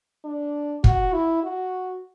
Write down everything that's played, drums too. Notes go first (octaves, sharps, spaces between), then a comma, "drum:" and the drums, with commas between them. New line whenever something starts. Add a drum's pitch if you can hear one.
D4
F#4, drum: kick
E4
F#4